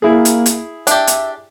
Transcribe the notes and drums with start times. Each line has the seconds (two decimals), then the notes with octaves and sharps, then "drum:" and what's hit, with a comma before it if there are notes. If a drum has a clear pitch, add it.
0.02 A#3 E4 G#4
0.25 drum: hi-hat
0.46 drum: hi-hat
0.87 D4 G4 E5, drum: hi-hat
1.07 drum: hi-hat